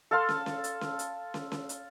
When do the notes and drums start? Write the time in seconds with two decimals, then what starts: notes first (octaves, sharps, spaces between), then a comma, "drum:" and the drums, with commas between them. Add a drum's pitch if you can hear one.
0.11 A4 F5 C6
0.29 drum: snare
0.46 drum: snare
0.64 drum: hi-hat
0.81 drum: snare
0.99 drum: hi-hat
1.34 drum: snare
1.52 drum: snare
1.69 drum: hi-hat